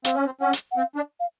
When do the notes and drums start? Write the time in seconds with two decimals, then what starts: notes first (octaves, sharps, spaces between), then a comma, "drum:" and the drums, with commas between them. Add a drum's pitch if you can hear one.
0.04 C4 F5, drum: hi-hat
0.15 C#4
0.26 C4
0.41 C#4 F#5
0.53 drum: hi-hat
0.72 F#5
0.77 C4 F5
0.96 D4
1.20 F5